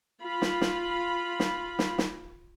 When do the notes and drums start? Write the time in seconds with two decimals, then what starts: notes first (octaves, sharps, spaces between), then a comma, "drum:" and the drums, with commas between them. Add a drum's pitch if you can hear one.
0.22 F4 B5
0.42 drum: snare
0.61 drum: snare
1.40 drum: snare
1.79 drum: snare
1.98 drum: snare